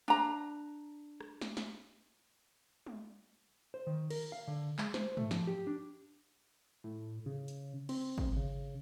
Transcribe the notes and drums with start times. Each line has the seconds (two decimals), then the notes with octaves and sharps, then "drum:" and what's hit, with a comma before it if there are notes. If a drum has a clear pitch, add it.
0.08 D4 A#5
1.21 drum: rim click
1.41 drum: snare
1.57 drum: snare
2.86 drum: tom
3.74 C5
3.87 D#3
4.10 A#4, drum: cymbal
4.32 F5
4.48 D3
4.78 G#3, drum: clap
4.94 C5, drum: snare
5.17 A3, drum: tom
5.31 F3, drum: snare
5.47 G4
5.67 D4
6.84 A2
7.26 C#3
7.48 drum: hi-hat
7.89 C4, drum: cymbal
8.18 drum: kick
8.36 C#3